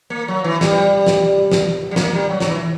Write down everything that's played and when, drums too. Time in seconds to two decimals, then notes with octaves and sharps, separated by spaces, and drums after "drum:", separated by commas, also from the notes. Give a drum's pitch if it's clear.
0.10 A#3
0.28 F#3
0.44 E3
0.61 G3, drum: snare
1.06 drum: snare
1.51 drum: snare
1.91 G3
1.96 A#3, drum: snare
2.14 G3
2.30 F#3
2.40 F#3, drum: snare
2.48 E3